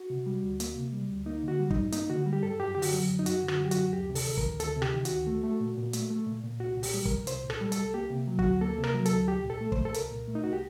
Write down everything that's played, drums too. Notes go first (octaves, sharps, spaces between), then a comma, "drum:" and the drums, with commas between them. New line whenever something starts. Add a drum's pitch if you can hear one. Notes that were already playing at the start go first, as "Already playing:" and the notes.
Already playing: F#4
C3
G3
D2
A#3, drum: hi-hat
C3
G3
D2
A#3 D#4
D3 F#4
G3
D#4, drum: kick
G2
A#3 D#4, drum: hi-hat
D3 F#4
G3
G4
G2 A4
F#2 G4
D3 G4
F#4, drum: open hi-hat
F#3
F#2
D#4
F#2 F#4, drum: hi-hat
D3
F#4, drum: rim click
F#3 G4
F#4, drum: hi-hat
F#2
D2 G4
C3
A4, drum: open hi-hat
D#3
A#4, drum: kick
D2
D2 A4, drum: hi-hat
C3
G4, drum: rim click
D#3
F#4, drum: hi-hat
D2
A3
A3
A#2
A#2
A3, drum: hi-hat
A3
A#2
A#2
C2 F#4
A#2
G4, drum: open hi-hat
G3
C2 A#4, drum: kick
C2 C5, drum: hi-hat
A#2
A4, drum: rim click
G3
A4, drum: hi-hat
C2
A#3 G4
C3
F#3
D2 F#4, drum: kick
A#3 A4
C3
A#4, drum: rim click
F#3
A4, drum: hi-hat
D2
C2 G4
A#2
A4
A3
C5, drum: kick
C2
A4
C2 A#4, drum: hi-hat
A#2
A3
D#4
C2 F#4
G4